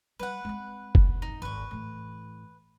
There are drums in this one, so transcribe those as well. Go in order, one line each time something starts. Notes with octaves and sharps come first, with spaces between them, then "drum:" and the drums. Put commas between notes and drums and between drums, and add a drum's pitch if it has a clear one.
G3 B4 F#5
G#3 C4
drum: kick F#1
D#4
G#1 B4 C#6
A2 E3